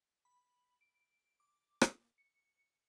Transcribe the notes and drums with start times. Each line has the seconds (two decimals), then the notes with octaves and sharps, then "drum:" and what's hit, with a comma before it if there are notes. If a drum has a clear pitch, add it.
0.25 B5
0.81 D7
1.40 D6
1.81 drum: rim click
2.18 C#7